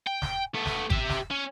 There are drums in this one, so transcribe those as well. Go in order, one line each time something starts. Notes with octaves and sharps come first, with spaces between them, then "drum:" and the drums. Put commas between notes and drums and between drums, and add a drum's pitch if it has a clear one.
G5
drum: snare
A3 B3
drum: snare
G4 E5, drum: kick G#1
drum: snare
C#4